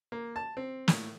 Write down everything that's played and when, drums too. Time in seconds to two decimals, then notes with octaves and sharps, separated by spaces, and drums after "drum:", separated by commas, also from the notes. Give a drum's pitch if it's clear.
0.12 A#3
0.36 A5
0.57 C4
0.88 A2, drum: snare